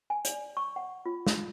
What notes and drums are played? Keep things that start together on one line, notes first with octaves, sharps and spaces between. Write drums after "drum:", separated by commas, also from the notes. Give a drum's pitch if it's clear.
G#5
D5, drum: hi-hat
C#6
F#5
F4
drum: snare